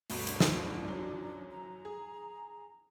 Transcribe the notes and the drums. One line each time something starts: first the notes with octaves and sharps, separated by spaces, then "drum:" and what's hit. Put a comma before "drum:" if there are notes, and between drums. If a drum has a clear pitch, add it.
G1 D2 B2, drum: open hi-hat
D4, drum: hi-hat
drum: snare
F#2 F#3
A#5
G#4